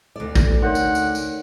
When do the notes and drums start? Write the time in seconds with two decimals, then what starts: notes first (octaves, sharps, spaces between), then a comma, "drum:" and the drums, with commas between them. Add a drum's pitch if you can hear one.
0.16 D2 D5
0.35 drum: kick, tambourine
0.62 D#4 A#4 C#5 F#5
0.75 drum: tambourine
0.95 drum: tambourine
1.15 drum: tambourine